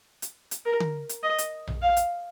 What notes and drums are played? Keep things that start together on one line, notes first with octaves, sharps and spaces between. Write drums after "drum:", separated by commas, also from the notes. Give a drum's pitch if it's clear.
drum: hi-hat
drum: hi-hat
A#4
drum: tom D3
drum: hi-hat
D#5
drum: hi-hat
drum: tom A#1
F5
drum: hi-hat